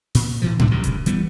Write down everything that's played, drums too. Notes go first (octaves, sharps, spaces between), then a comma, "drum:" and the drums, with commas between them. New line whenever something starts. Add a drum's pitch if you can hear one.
A#2, drum: open hi-hat
A2 E3 F3
B2 D3 G3 A3, drum: tom G#2
C#2 F#2 C3 D#3
drum: kick D#1, hi-hat
E3 G3 B3, drum: hi-hat